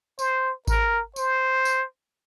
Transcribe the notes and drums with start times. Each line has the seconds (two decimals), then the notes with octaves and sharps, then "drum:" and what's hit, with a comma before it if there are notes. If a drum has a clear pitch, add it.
0.19 C5, drum: tambourine
0.67 A#4, drum: kick G#1, tambourine
1.16 C5, drum: tambourine
1.65 drum: tambourine